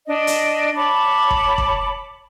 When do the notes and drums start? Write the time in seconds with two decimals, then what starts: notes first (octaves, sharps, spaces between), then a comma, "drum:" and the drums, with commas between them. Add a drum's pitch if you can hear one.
0.06 D4 D#5
0.27 drum: hi-hat
0.76 C#5 A5 B5 D6
1.31 drum: kick
1.58 drum: kick